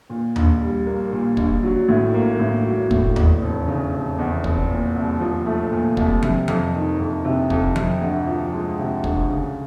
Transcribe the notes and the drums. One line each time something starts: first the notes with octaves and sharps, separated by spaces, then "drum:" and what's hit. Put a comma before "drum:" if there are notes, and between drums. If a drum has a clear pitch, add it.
A#2
A#1, drum: tom D#2
G3
A#3
A#2
A#1, drum: kick
F#3
A2
A#3
A2
F#3
A2, drum: kick
E2, drum: tom D#2
F1
C#3
F1
E2
F1, drum: kick
A#2
C2
F3
A3
A#2
C2, drum: kick
C3, drum: tom F3
F2, drum: tom F3
D#3
F2
C3
F2, drum: kick
C3, drum: tom F3
D2
F3
G#3
C3
D2, drum: kick
C#3